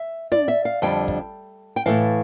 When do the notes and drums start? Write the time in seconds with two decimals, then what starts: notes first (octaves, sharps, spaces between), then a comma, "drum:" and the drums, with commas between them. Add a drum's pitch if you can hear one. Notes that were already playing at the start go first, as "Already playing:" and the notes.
Already playing: E5
0.32 D5, drum: tom
0.48 E5
0.65 F5
0.82 F2 D3 G3 G5
1.08 drum: kick
1.76 G5
1.86 A2 E3 A3 F5